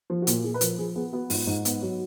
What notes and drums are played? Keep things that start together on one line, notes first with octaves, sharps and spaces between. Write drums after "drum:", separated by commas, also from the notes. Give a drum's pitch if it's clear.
F3
F#4
A#2 F4, drum: hi-hat
A#2 G#4
B4
F3 A#4, drum: hi-hat
F3 G#4
B3 G#4
B3 F#4
G#2 F4, drum: open hi-hat
G#2
B3, drum: hi-hat
F#3